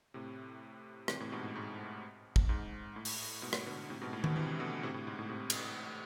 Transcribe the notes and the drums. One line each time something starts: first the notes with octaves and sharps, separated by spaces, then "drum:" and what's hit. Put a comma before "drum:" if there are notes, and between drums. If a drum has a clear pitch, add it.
A2 C3
C3 E3, drum: rim click
A2 C3
G#2 B2
A2
G#2
drum: kick
G#2
A2
drum: open hi-hat
G#2 B2
drum: rim click
B2 D3
A2 C3
G#2 B2
A2
B2 D3, drum: tom D#3
C3 E3
B2 D3
A2 C3
A2
G#2
A2
A2 C3
drum: cymbal